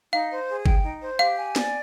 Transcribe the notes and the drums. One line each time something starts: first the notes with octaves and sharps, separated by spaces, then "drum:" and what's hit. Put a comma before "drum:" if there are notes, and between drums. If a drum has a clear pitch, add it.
D#4 F5
C5
G#4
G5, drum: kick G1
D#4
C5
G4 F5
G#5
D5, drum: snare